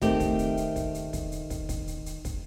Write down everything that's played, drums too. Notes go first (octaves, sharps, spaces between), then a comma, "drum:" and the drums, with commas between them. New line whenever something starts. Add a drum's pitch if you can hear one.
D#3 A3 C4 G4, drum: kick, hi-hat
drum: kick, hi-hat
drum: hi-hat
drum: hi-hat
drum: kick, hi-hat
drum: hi-hat
drum: kick, hi-hat
drum: hi-hat
drum: kick, hi-hat
drum: kick, hi-hat
drum: hi-hat
drum: hi-hat
drum: kick, hi-hat